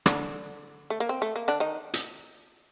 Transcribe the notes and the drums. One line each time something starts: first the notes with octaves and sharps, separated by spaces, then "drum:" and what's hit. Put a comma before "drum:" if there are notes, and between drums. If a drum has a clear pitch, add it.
D3 D4, drum: rim click
A3
A#3
C4
A3
A#3
D3 D4
D#3 D#4
drum: hi-hat